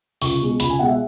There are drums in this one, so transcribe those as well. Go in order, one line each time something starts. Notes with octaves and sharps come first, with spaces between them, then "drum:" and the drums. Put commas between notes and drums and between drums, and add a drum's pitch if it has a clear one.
C#2 C#6, drum: open hi-hat
B2 G#3
C#2 B5, drum: hi-hat
G#5
B2 G#3 F#5
E5